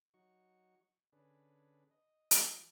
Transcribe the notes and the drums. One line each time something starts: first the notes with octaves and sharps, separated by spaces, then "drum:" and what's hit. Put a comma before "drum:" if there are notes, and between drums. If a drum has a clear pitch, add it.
F#3 D#4 F#4 C#6
D3 C#4 D4 G#4 B4
D#5
D#3, drum: hi-hat
E3